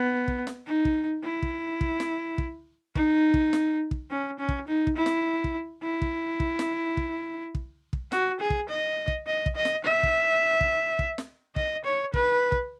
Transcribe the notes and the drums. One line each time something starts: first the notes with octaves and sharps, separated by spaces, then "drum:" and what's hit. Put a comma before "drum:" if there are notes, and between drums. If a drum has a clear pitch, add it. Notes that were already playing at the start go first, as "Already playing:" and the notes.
Already playing: B3
drum: kick
drum: snare
D#4
drum: kick
E4
drum: kick
drum: kick
drum: snare
drum: kick
D#4, drum: kick
drum: kick
drum: snare
drum: kick
C#4
C#4
drum: kick
D#4
drum: kick
E4
drum: snare
drum: kick
E4
drum: kick
drum: kick
drum: snare
drum: kick
drum: kick
drum: kick
F#4, drum: snare
G#4
drum: kick
D#5
drum: kick
D#5
drum: kick
D#5
drum: snare
E5
drum: kick
drum: kick
drum: kick
drum: snare
D#5, drum: kick
C#5
B4, drum: kick
drum: kick